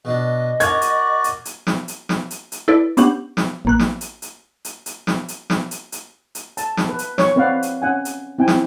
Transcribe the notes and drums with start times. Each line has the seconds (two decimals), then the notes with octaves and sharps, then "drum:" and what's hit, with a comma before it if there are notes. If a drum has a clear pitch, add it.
0.05 B2 D4 D#5
0.60 F#4 A#4 D5 G#6, drum: hi-hat
0.81 drum: hi-hat
1.24 drum: hi-hat
1.45 drum: hi-hat
1.67 drum: snare
1.88 drum: hi-hat
2.09 drum: snare
2.30 drum: hi-hat
2.52 drum: hi-hat
2.68 E4 A4 B4 D5
2.97 B3 C#4 D4 G4 F#5, drum: hi-hat
3.37 drum: snare
3.65 A1 A#3 F#6
3.79 drum: snare
4.01 drum: hi-hat
4.22 drum: hi-hat
4.65 drum: hi-hat
4.86 drum: hi-hat
5.07 drum: snare
5.28 drum: hi-hat
5.50 drum: snare
5.71 drum: hi-hat
5.92 drum: hi-hat
6.35 drum: hi-hat
6.57 A5, drum: hi-hat
6.77 drum: snare
6.89 B4
6.99 drum: hi-hat
7.18 C#5, drum: snare
7.36 C4 B4 D5 F5 F#5
7.62 drum: hi-hat
7.82 C#4 F#5 G#5
8.05 drum: hi-hat
8.39 C4 E4 G5 G#5
8.48 drum: snare